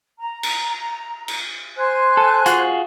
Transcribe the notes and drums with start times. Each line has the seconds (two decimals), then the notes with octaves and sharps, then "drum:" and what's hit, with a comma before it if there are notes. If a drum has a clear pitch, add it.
0.19 A#5
0.43 drum: cymbal
1.28 drum: cymbal
1.77 C5 G#5 F#6
2.17 A4
2.46 F4 F#4 G#4, drum: hi-hat